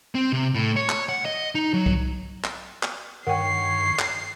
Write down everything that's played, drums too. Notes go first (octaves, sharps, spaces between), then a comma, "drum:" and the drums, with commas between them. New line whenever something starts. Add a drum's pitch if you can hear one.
C4
C3
A2
C#5
drum: clap
F#5
D#5
D#4
F#3
drum: kick C2
drum: clap
drum: clap
G2 D#3 C#5 F#5 G5 C7
drum: clap